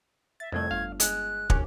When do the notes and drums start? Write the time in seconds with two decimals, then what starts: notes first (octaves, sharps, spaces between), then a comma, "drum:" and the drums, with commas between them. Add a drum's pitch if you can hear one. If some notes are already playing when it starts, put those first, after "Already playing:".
0.40 E5 A6
0.52 C2 F2 A2 A3 G#6
0.71 G1 F5
1.00 G#3 F#6, drum: hi-hat
1.50 A#1 D#2 C#4 D6, drum: kick